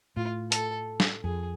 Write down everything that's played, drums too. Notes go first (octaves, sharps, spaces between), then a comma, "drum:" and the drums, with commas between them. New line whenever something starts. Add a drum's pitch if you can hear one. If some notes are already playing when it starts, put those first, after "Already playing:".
A2 F4
A4, drum: hi-hat
drum: snare
F2 G#4